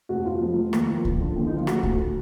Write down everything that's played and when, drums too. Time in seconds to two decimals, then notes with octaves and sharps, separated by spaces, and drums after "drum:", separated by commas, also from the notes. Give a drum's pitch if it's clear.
0.09 F1 F#4
0.25 F1 F4
0.41 F3
0.57 F3
0.73 D#2, drum: rim click
0.88 F3
1.05 F3, drum: kick C2
1.20 D3
1.36 D#2
1.47 F3 D#4
1.57 F4
1.67 D2 F#4, drum: rim click
1.83 D2, drum: kick C2